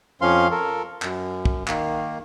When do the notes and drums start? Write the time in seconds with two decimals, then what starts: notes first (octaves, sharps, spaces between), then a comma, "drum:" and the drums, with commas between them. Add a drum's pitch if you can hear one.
0.21 F2 F3 C#4 F5 C6
0.51 A4 A#4
1.02 F#2, drum: clap
1.45 drum: kick
1.67 D#3 A#3, drum: clap